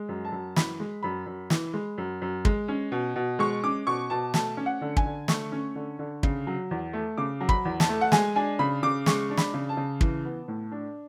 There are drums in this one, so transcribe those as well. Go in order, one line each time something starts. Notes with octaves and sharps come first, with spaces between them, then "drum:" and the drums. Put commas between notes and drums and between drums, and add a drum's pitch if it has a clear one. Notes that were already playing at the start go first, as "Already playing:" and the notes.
Already playing: G#3
F#2
A5
F#2
E3 B5, drum: snare
G#3
F#2 B5
F#2
E3, drum: snare
G#3
F#2
F#2
G#3, drum: kick
C#4
B2
B2
G#3 C#6
C#4 D6
B2 C#6
B2 A5
A3 A5, drum: snare
C#4
F#5
D3
G#5, drum: kick
D3
A3 C#6, drum: snare
C#4
D3
D3
C#3, drum: kick
F#3
E2
A3
C#3 D6
F#3
B5, drum: kick
E2
A5, drum: snare
A3
F#5
G#3 G#5, drum: snare
D4 G#5
C#3 B5
C#3 D6
G#3 C#6, drum: snare
D4
B5, drum: snare
C#3
A5
C#3
E3, drum: kick
B3
A2
D4